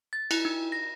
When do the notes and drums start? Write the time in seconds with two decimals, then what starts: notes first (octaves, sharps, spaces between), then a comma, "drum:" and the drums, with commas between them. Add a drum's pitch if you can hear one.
0.13 A6
0.31 E4, drum: cymbal
0.45 D#4
0.72 A#6